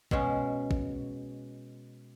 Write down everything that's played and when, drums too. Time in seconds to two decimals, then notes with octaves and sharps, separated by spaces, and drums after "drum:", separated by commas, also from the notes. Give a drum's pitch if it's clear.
0.11 B2 G#3 C#4, drum: kick
0.71 drum: kick